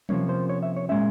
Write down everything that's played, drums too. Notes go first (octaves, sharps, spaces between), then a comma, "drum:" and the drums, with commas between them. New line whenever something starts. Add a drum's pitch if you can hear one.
C3 F3 A#3 C#4 C#5, drum: tom F#3
C5
C#5
E5
C#5
A#2 G#3 C#4 E5